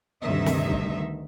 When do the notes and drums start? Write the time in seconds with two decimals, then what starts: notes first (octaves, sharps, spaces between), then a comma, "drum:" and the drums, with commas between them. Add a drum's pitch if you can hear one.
0.22 D2 G2 C3 D#3 D#4 E5
0.46 drum: snare
0.71 drum: kick